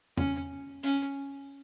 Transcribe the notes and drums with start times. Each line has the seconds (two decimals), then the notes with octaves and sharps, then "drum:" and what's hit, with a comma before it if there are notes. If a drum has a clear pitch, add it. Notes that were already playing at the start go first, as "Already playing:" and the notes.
0.17 C#4, drum: tom
0.83 C#4, drum: hi-hat